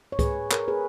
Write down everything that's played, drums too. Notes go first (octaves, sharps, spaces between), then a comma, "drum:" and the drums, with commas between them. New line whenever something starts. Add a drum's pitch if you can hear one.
C#5
G#4 B4, drum: kick C#2, hi-hat
A#4 C#5, drum: clap
G#4 B4